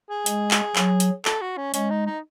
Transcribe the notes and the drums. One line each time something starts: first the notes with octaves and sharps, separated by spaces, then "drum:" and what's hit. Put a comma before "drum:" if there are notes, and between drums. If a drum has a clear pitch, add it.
G#4
G#3, drum: hi-hat
drum: clap
F#3, drum: clap
drum: hi-hat
A4, drum: clap
F#4
C#4
G#3 C#4, drum: hi-hat
D#4
D#4